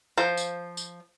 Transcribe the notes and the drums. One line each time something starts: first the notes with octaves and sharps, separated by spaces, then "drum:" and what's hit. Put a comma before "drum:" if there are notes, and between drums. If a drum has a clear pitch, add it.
F3 C5
drum: tambourine
drum: tambourine